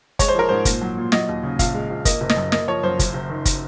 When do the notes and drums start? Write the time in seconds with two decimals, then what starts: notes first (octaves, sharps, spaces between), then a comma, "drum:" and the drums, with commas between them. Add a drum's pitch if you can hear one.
0.19 G#3 C#5, drum: kick, hi-hat
0.28 C5
0.35 F3 A#4
0.49 G#2 C5
0.65 A#2, drum: kick, hi-hat
0.81 F#3
0.97 A#2
1.12 F#3 D#5, drum: snare
1.28 D#2
1.43 C#3
1.59 A#1 F5, drum: kick, hi-hat
1.74 G#3
1.89 A#1
2.05 A#3 D#5, drum: kick, hi-hat
2.21 F#1
2.29 D#5, drum: snare
2.37 F#2
2.52 A#3 D#5, drum: snare
2.68 F3 C#5
2.83 F#2 C5
2.99 F#1, drum: kick, hi-hat
3.14 F#1
3.29 D#3
3.45 drum: kick, hi-hat